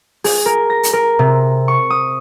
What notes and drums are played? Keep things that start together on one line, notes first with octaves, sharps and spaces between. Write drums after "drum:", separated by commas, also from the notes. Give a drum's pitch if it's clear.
G#4, drum: open hi-hat
A#4
A#6
drum: hi-hat
A#4
C3
C#6
D#6